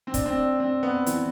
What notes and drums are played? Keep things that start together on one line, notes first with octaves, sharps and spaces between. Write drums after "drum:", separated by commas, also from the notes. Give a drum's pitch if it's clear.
C4
D4, drum: kick, hi-hat
C4
D4
C4
B3
E3, drum: hi-hat